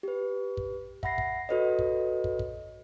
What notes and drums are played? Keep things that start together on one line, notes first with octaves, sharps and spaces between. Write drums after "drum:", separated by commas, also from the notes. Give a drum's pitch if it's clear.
G4 B4
drum: kick
E5 F#5 B5 A#6 C7, drum: kick
drum: kick
F#4 A4 B4 C#5 D#5
drum: kick
drum: kick
drum: kick